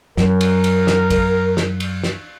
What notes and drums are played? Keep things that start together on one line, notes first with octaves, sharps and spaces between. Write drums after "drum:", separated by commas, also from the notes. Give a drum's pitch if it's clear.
F#2 A#4, drum: snare
drum: cymbal
drum: cymbal
drum: snare
drum: kick A1, cymbal
drum: snare
drum: cymbal
drum: snare